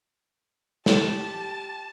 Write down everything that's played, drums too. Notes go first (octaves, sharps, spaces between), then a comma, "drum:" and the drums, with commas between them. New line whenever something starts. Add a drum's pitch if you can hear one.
G4 A5, drum: snare